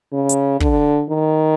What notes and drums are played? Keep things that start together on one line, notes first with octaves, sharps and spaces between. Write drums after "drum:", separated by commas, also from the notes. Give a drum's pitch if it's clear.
C#3
drum: hi-hat
D3, drum: kick
D#3